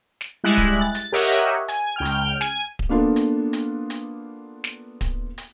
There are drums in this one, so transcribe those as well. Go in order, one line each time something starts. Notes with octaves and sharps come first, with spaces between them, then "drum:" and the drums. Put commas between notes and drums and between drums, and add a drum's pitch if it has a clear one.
drum: snare
G3 G#3 E4 F#6
drum: kick D1, hi-hat
A6
drum: hi-hat
G4 A#4 C#5 D#5 E5 F#5
drum: hi-hat
G#5, drum: hi-hat
C#2 G5 F6
drum: hi-hat
G#5, drum: snare
drum: kick D1
A#3 B3 D4 F4 A4
drum: hi-hat
drum: hi-hat
drum: hi-hat
drum: snare
drum: kick D1, hi-hat
drum: hi-hat